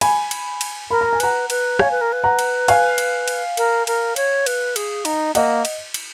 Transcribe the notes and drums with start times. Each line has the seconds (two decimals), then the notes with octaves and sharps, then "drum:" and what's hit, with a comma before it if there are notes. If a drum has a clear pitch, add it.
0.01 G#5 B5, drum: cymbal
0.31 drum: cymbal
0.61 drum: cymbal
0.91 A#4 B5
1.01 A#5
1.13 G#5
1.20 B4 F#5 A#5, drum: cymbal
1.50 B4, drum: cymbal
1.79 C#5 F5 G#5, drum: rim click
1.91 B4
2.01 A#4
2.12 B4
2.24 F#5 A#5
2.39 drum: cymbal
2.68 F5 G#5, drum: cymbal
2.98 drum: cymbal
3.28 drum: cymbal
3.57 A#4, drum: cymbal
3.87 A#4, drum: cymbal
4.16 C#5, drum: cymbal
4.46 B4, drum: cymbal
4.76 G#4, drum: cymbal
5.05 D#4, drum: cymbal
5.35 A#3 D#5 F#5, drum: cymbal
5.65 drum: cymbal
5.94 drum: cymbal